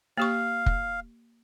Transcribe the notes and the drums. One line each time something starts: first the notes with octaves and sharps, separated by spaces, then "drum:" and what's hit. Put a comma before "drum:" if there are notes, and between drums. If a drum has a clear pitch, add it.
A#3 G4 F5 C#6
drum: kick F1